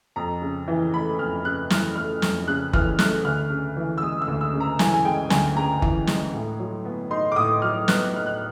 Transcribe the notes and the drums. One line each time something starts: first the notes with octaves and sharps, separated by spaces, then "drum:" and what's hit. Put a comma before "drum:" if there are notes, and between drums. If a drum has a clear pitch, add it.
F2 A#5
C#3
E3
A3 B5
F2 F6
C#3 F#6
E3 F6, drum: snare
A3 F6
F2, drum: snare
C#3 F#6
E3 F6, drum: kick F#1
A3 F#6, drum: snare
D2 F6
C#3
E3
E6
G#3 D#6
E6
D2
E6
C#3
A#5
E3 G#5, drum: snare
G#5
G#3 G5
D2 G#5, drum: snare
C#3 A#5
E3, drum: kick F#1
G#3, drum: snare
A2
F#3
B3
D#4 C6
D6
A2 D#6
F#3 F6
B3 F#6, drum: snare
D#4 F6
F#6